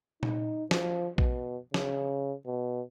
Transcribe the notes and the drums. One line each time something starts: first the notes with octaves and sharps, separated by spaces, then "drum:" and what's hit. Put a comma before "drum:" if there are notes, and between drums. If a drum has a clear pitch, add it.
D#4, drum: tom A#2
F3, drum: snare
B2, drum: kick A#1
C#3, drum: snare
B2